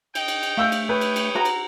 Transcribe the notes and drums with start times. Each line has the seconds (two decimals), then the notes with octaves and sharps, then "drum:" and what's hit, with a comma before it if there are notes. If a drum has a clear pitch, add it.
0.15 D#5 G5, drum: cymbal
0.28 drum: cymbal
0.43 drum: cymbal
0.57 A3 F5 E6 G6
0.72 drum: cymbal
0.89 B4 C#5 G5 D#6
1.01 drum: cymbal
1.16 drum: cymbal
1.35 F#4 A#5
1.45 drum: cymbal